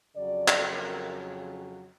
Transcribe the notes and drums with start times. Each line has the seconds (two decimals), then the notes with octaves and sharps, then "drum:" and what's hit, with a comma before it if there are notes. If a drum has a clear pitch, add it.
0.16 F2 C#3 F#3 D5
0.48 drum: clap
0.70 A#4